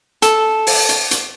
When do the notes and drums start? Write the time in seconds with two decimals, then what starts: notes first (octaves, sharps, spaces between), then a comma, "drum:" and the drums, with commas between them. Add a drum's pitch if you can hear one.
0.22 A4, drum: hi-hat
0.67 drum: open hi-hat
0.89 drum: hi-hat
1.11 drum: hi-hat